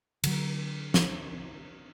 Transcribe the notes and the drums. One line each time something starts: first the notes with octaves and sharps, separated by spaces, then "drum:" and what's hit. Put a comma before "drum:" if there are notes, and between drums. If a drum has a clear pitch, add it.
D3 F#3, drum: cymbal
drum: snare